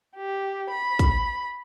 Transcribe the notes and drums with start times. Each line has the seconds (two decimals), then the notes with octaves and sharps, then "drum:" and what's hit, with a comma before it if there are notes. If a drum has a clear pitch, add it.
0.17 G4
0.70 B5
0.99 drum: kick, hi-hat